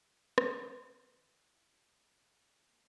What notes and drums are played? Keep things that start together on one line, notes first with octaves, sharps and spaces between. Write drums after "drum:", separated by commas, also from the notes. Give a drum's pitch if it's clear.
drum: rim click
B2
A5
D#3
E4
F6
C#5
G#4
A#3